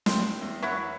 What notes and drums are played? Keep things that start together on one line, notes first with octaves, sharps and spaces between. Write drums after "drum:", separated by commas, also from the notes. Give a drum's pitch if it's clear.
G5 C6, drum: snare
E2
F#3 E4 F#5